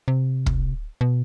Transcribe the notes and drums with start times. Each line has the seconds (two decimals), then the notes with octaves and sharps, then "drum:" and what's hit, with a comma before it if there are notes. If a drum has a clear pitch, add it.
0.08 C3
0.46 drum: kick
1.01 B2